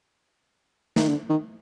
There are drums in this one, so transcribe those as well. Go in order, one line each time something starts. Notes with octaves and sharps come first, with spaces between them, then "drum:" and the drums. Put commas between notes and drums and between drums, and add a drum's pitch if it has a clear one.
D#3, drum: snare
D3
D#3